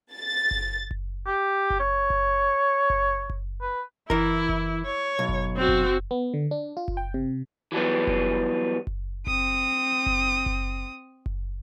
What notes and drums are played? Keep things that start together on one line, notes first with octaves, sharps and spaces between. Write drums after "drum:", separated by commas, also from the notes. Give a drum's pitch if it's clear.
A6
drum: kick F#1
drum: kick F#1
G4
drum: kick F#1
C#5
drum: kick F#1
drum: kick F#1
drum: kick F#1
B4
E3 E4 A#4, drum: kick F#1
drum: kick F#1
C#5
B1
drum: kick F#1
C4 F#4
drum: kick F#1
B3
D3
D4
F4
drum: kick F#1
G5
C3
E3 F#3 G3 B3
drum: kick F#1
drum: kick F#1
C4 D#6, drum: kick F#1
drum: kick F#1
drum: kick F#1
drum: kick F#1